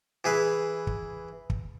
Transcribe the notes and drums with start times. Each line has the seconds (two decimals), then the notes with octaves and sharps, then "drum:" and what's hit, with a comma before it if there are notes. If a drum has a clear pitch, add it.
0.24 E3 G#4 B4
0.87 drum: kick
1.50 drum: kick